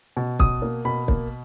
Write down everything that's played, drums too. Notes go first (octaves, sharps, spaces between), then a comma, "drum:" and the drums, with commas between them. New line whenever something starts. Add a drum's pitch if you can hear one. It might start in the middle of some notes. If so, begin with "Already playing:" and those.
B2
B2 D#6, drum: kick
A#3
B2 B5
A#3, drum: kick